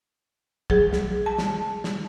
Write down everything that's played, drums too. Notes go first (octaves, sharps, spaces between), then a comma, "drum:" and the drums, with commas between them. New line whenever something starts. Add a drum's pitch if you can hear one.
F#3 G#4, drum: kick
drum: snare
A5
drum: snare
drum: snare